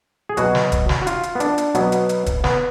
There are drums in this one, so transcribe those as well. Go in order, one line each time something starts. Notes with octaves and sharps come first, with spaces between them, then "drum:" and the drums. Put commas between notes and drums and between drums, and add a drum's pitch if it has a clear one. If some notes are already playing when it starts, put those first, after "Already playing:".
G#4
B2 F#3 F#4, drum: hi-hat
drum: snare
drum: kick, hi-hat
drum: snare
F#4
F4, drum: hi-hat
drum: hi-hat
B3
D4, drum: hi-hat
drum: hi-hat
B2 F#3 B3, drum: hi-hat
drum: hi-hat
drum: hi-hat
drum: kick, hi-hat
B3, drum: snare